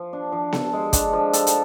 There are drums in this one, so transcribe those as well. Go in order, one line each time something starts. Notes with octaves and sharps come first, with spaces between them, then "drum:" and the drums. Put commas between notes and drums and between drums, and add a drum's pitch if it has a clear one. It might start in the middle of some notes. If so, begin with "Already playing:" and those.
Already playing: F3
D4
F3
A4, drum: snare B3
G#3
D4, drum: kick, hi-hat
F3
A4, drum: hi-hat
drum: hi-hat